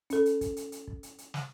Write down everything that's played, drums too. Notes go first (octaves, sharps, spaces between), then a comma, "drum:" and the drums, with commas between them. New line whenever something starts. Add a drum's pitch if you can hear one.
C#4 A4, drum: hi-hat
drum: hi-hat
drum: kick, hi-hat
drum: hi-hat
drum: hi-hat
drum: kick
drum: hi-hat
drum: hi-hat
drum: snare